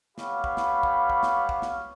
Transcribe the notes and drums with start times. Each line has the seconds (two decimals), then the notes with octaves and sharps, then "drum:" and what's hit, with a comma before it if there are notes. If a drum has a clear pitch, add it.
0.18 B3 G4 C#5 F5 B5, drum: snare
0.44 drum: kick
0.57 drum: snare
0.83 drum: kick
1.10 drum: kick
1.23 drum: snare
1.49 drum: kick
1.62 drum: snare